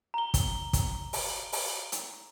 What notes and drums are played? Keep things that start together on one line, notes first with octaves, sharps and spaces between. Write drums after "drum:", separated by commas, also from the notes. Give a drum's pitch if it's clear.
A#5 G7
drum: kick, hi-hat
drum: kick, hi-hat
drum: open hi-hat
drum: open hi-hat
drum: hi-hat